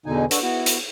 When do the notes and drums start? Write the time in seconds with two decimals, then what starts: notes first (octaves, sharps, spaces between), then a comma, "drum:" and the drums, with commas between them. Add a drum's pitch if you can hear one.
0.06 E2 B2 D3 D#4 G#5
0.31 D4 F#4 A4 B4 C#5, drum: hi-hat
0.42 B3 E4 F#4
0.66 drum: hi-hat